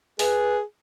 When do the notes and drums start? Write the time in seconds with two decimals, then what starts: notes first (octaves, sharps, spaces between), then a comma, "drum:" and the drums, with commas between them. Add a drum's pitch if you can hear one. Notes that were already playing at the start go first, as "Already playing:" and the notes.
0.19 G#4 B4, drum: open hi-hat